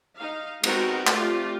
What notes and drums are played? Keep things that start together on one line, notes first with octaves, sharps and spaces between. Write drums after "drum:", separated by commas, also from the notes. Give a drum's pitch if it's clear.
D#4 F5
G#3 B3 C4 D#4 F#4 A#4, drum: cymbal
A3 C4 F4 G4 D5, drum: clap